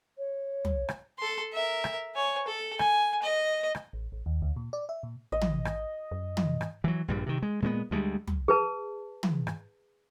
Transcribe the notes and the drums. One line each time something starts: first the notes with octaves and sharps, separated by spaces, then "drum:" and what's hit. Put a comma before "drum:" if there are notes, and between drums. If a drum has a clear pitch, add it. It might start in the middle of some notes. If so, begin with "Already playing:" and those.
C#5
drum: tom
drum: rim click
A4 C6
A#4 E5
drum: rim click
C#5 G#5
A4
G#5, drum: rim click
D#5
drum: rim click
A1
A1
D#2
D2
A#2
D5
E5
A#2
A1 D#5
drum: tom
drum: rim click
F#2
drum: tom
drum: rim click
E3 F#3
A#1 G2 G3
C3 D#3
G#3
A#2 G#3 A#3 B3
D2 G3 G#3
drum: tom
G#4 B4 A5
drum: tom
drum: rim click